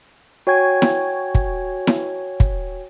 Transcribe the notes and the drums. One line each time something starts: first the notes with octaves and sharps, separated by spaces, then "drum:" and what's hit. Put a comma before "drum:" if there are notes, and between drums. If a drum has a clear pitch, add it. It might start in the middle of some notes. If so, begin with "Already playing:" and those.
F#4 C#5 G5 G#5 G#6
drum: snare E4
drum: kick
drum: snare E4
drum: kick